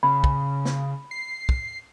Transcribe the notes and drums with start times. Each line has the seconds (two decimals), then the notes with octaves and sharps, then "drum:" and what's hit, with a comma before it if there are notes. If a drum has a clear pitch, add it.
0.03 C#3 B5
0.24 drum: kick
0.65 drum: snare
1.11 C7
1.49 drum: kick